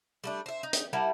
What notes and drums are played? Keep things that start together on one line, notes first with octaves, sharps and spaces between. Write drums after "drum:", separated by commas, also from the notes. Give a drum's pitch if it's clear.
G3 A3 D4
C5 E5
D#4
drum: hi-hat
G3 E4 A#4 F#5 A5